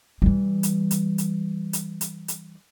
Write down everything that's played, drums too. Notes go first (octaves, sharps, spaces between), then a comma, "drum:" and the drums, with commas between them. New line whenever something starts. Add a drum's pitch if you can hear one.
E3 G3
drum: hi-hat
drum: hi-hat
drum: hi-hat
drum: hi-hat
drum: hi-hat
drum: hi-hat